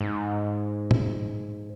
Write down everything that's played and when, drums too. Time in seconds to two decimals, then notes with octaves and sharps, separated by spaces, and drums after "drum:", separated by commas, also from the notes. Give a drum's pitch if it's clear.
0.01 G#2
0.91 drum: tom A2